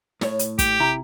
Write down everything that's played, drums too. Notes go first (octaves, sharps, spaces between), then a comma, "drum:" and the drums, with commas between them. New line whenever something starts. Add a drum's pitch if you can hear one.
A2 C#5, drum: snare
drum: hi-hat
G4, drum: kick, hi-hat
C3 E4 A#5